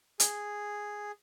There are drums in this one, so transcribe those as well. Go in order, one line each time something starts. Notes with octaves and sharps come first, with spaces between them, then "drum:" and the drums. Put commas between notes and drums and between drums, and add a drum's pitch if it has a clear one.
G#4, drum: hi-hat